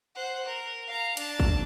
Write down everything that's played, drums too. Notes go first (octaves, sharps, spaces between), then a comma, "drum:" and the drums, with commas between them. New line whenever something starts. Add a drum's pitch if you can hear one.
C5 F#5
A#4
F5 A#5
D4 A5, drum: hi-hat
drum: kick G#1